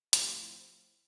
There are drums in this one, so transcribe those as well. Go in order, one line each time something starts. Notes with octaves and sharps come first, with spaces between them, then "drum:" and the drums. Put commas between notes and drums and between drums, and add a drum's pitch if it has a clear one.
A2 F3 G3 C4 F4, drum: hi-hat